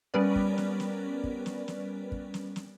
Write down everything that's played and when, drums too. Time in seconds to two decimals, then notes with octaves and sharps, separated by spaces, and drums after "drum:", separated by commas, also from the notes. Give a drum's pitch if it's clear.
0.14 G3 B3 C#4 A#4 B4 D5
0.36 drum: kick
0.58 drum: snare
0.80 drum: snare
1.24 drum: kick
1.46 drum: snare
1.68 drum: snare
2.12 drum: kick
2.34 drum: snare
2.56 drum: snare